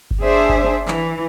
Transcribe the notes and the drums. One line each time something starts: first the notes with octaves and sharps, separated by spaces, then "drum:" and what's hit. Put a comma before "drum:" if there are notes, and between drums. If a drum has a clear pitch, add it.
drum: kick G1
D4 G#4 C5 E5
drum: kick G1
E3, drum: clap